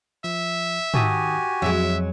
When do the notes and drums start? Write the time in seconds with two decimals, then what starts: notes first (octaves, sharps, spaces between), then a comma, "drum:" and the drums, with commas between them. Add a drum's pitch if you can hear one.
0.24 F3 E5
0.94 D#3 F#4 G4 G#5 A5 D#6, drum: tom G#2
1.62 F2 F#3 G#3 E5